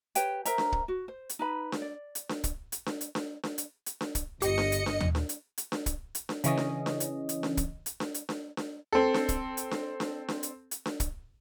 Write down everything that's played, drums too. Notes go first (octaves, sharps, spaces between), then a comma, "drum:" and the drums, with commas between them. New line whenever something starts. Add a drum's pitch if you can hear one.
G4 B4 C#5 G5, drum: hi-hat
A#4 C5 E5 A#5, drum: hi-hat
drum: snare D4
drum: kick
F#4
C5
drum: hi-hat
D#4 B4 B5
drum: snare D4
D5
drum: hi-hat
drum: snare D4
drum: kick, hi-hat
drum: hi-hat
drum: snare D4
drum: hi-hat
drum: snare D4
drum: snare D4
drum: hi-hat
drum: hi-hat
drum: snare D4
drum: kick, hi-hat
G1 G4 D#5 C#7, drum: hi-hat
drum: snare D4
drum: hi-hat
drum: snare D4
drum: tom D#2
drum: snare D4
drum: hi-hat
drum: hi-hat
drum: snare D4
drum: kick, hi-hat
drum: hi-hat
drum: snare D4
C#3 E3 C#4 D#5, drum: hi-hat
drum: snare D4
drum: snare D4
drum: hi-hat
drum: hi-hat
drum: snare D4
drum: kick, hi-hat
drum: hi-hat
drum: snare D4
drum: hi-hat
drum: snare D4
drum: snare D4
C4 A4
drum: snare D4
drum: kick, hi-hat
drum: hi-hat
drum: snare D4
drum: snare D4
drum: snare D4
drum: hi-hat
drum: hi-hat
drum: snare D4
drum: kick, hi-hat